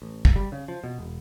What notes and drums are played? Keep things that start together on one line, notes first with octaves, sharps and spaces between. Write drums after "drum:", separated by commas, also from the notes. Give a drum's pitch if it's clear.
A1
drum: kick
G3
C#3
F3
B2
E1